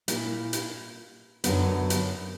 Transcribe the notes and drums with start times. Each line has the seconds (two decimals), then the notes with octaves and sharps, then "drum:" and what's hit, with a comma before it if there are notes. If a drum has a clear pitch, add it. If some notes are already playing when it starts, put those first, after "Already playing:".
0.08 A#2 A#3 E4, drum: hi-hat
0.53 drum: hi-hat
1.44 F#2 D3 F#3 B3, drum: hi-hat
1.90 drum: hi-hat